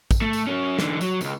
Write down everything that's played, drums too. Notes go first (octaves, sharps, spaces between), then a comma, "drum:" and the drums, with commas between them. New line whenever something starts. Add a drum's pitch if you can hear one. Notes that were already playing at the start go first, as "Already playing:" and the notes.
drum: kick, tambourine
A3
drum: tambourine
F#3 C#4
D3 E3, drum: snare
F#3, drum: tambourine
C#2 G#2, drum: tambourine